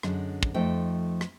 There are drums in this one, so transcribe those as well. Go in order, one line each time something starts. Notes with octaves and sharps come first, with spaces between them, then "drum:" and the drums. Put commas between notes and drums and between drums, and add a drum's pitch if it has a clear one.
F#2 D3 G#3, drum: rim click
drum: kick
F2 F3 A3 D#4 G5
drum: rim click